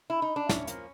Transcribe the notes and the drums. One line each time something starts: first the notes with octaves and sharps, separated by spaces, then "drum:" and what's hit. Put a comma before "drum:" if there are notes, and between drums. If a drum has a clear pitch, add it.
E4
D#4
D4
A2 C#4, drum: snare
F3 A#3, drum: hi-hat